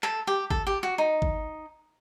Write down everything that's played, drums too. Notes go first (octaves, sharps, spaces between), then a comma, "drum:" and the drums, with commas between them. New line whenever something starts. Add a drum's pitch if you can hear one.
A4, drum: clap
G4
A4, drum: kick
G4
F#4
D#4
drum: kick